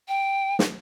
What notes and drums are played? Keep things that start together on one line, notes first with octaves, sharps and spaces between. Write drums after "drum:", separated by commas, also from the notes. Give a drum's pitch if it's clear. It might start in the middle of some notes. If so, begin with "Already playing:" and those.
G5
drum: snare